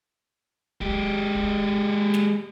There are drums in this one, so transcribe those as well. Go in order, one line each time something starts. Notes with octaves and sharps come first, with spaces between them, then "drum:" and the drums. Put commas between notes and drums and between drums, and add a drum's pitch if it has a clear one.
G#3 G4, drum: kick
drum: kick
drum: snare